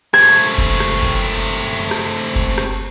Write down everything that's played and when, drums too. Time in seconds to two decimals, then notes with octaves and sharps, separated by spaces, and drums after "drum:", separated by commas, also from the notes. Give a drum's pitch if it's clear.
0.14 A3 C4 G#6, drum: rim click
0.58 drum: kick F#1, cymbal
0.80 drum: rim click
1.02 drum: kick F#1, cymbal
1.47 drum: cymbal
1.91 drum: rim click
2.36 drum: kick F#1, cymbal
2.58 drum: rim click